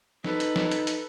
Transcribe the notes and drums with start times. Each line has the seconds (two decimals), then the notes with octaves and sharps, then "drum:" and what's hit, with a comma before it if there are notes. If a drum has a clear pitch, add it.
0.24 D#4 A4 B4, drum: snare
0.40 drum: hi-hat
0.56 drum: snare
0.71 drum: hi-hat
0.87 drum: hi-hat